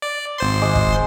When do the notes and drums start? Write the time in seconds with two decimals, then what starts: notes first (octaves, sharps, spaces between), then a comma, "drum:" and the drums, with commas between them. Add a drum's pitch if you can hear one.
0.02 D5
0.38 G#1 C5 C6
0.62 G#3 D6
0.75 drum: kick